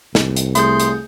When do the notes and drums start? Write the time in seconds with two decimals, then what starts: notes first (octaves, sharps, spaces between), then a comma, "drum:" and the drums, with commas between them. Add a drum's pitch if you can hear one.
0.15 C2, drum: snare
0.37 drum: hi-hat
0.55 A3 G#4 C6 G6, drum: hi-hat
0.80 drum: hi-hat